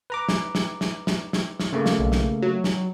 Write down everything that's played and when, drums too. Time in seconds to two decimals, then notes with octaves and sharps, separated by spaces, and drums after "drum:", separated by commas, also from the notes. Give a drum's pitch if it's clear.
0.10 B4 A#5 D6
0.29 drum: snare
0.55 drum: snare
0.81 drum: snare
1.07 drum: snare
1.33 drum: snare
1.59 drum: snare
1.73 C#3 A3 A#3
1.86 drum: snare
1.99 B1
2.12 drum: snare
2.42 F#3
2.64 drum: snare